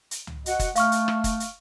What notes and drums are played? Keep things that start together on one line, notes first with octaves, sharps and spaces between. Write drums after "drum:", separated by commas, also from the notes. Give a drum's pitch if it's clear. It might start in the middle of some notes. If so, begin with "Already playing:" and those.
drum: hi-hat
drum: tom
F#4 D#5 F#5, drum: hi-hat
drum: kick, hi-hat
A3 F5 C#6 F6, drum: hi-hat
drum: hi-hat
drum: rim click
drum: kick, hi-hat
drum: hi-hat